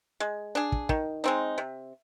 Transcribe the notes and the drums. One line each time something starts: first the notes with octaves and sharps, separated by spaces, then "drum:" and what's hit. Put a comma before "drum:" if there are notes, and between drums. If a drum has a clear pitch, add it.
G#3
D4 G#4
drum: kick
D#3, drum: kick
G#3 C4 D#4
C3